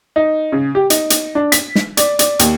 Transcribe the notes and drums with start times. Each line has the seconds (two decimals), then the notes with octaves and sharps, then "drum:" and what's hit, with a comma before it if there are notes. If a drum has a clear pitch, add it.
0.16 D#4
0.52 C#3
0.75 G4
0.90 D#4, drum: hi-hat
1.10 drum: hi-hat
1.35 D4
1.52 B6, drum: hi-hat
1.75 drum: snare
1.97 D5, drum: hi-hat
2.19 D5, drum: hi-hat
2.39 D#2, drum: hi-hat